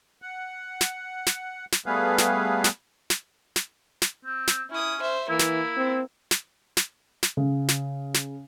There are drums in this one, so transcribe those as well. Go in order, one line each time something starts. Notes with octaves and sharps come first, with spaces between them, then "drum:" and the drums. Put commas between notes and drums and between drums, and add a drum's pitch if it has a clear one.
F#5
drum: snare
drum: snare
drum: snare
G3 A3 B3 G#4 B4 F5
drum: snare
drum: snare
drum: snare
drum: snare
drum: snare
C4
drum: snare
C#4 E4 D#6
C5 E5
E3 A#3 E4
drum: snare
C4
drum: snare
drum: snare
drum: snare
C#3
drum: snare
drum: snare